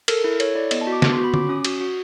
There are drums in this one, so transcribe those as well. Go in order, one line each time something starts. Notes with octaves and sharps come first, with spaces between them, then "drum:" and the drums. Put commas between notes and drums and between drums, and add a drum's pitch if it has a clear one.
A4 A#4, drum: cymbal
E4
A4 C#5, drum: cymbal
E4 D5
B3 D#5, drum: cymbal
A5
F#4
D6
B3 D#6, drum: snare
C6
F#4
B5
C#4 D6, drum: tom D3
C#4 D#6
F#4 D#6, drum: cymbal
F#4